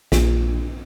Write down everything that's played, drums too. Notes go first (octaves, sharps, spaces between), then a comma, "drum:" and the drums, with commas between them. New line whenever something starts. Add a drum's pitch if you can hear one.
A#1, drum: snare